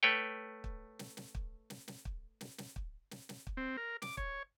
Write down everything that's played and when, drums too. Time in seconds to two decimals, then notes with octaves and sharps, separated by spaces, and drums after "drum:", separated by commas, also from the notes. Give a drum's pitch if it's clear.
0.03 A3 B4 C#5 G5
0.64 drum: kick
0.99 drum: snare
1.17 drum: snare
1.35 drum: kick
1.70 drum: snare
1.88 drum: snare
2.05 drum: kick
2.41 drum: snare
2.58 drum: snare
2.76 drum: kick
3.11 drum: snare
3.29 drum: snare
3.47 drum: kick
3.57 C4
3.77 A#4
4.02 D6, drum: snare
4.17 C#5, drum: kick